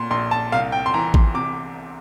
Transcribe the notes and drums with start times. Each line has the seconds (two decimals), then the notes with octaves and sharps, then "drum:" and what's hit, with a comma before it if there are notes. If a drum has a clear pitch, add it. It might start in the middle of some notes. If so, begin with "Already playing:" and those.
Already playing: A#2 C6
0.11 A#1 C6
0.31 A5
0.52 C2 F5
0.72 G5
0.86 C6
0.94 E3 A#5
1.14 C6, drum: kick A1
1.34 C3 D6